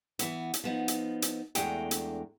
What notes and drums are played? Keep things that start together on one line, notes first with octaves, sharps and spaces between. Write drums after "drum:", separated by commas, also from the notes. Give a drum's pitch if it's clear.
E3 B3, drum: hi-hat
drum: hi-hat
F3 B3 D#4
drum: hi-hat
drum: hi-hat
E2 G#3 A3 D4 G5 A#5, drum: hi-hat
drum: hi-hat